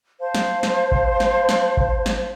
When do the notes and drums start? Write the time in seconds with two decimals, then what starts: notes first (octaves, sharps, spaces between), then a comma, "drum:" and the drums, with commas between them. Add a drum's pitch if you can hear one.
0.20 C5 F5 A5
0.35 drum: snare
0.63 drum: snare
0.92 drum: kick G#1
1.20 drum: snare
1.49 drum: snare
1.77 drum: kick G#1
2.06 drum: snare